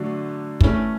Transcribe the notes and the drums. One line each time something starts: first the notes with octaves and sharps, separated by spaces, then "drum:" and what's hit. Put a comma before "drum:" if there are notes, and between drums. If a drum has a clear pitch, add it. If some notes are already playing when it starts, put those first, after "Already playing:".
Already playing: D3 F#3 A3 D4
E3 A3 C#4, drum: kick